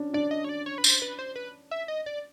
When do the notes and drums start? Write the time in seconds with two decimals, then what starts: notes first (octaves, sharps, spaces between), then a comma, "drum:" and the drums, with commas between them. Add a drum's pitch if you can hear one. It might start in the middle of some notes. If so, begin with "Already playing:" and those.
Already playing: C#4 D4
0.14 D4 D5
0.31 D#5
0.44 C#5
0.49 D5
0.66 C#5
0.78 B4
0.84 C5, drum: tambourine
1.02 B4
1.19 C5
1.36 B4
1.71 E5
1.88 D#5
2.06 D5